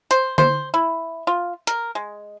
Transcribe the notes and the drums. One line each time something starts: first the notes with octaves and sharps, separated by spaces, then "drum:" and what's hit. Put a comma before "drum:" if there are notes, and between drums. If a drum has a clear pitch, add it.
C5, drum: hi-hat
C5, drum: tom D3
E4
F4
A#4, drum: hi-hat
G#3